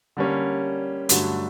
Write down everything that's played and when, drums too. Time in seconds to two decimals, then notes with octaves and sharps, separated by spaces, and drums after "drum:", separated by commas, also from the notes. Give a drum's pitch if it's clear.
0.17 D3 G3 A#3 C#4
1.09 G2 D3 F#3 A3, drum: hi-hat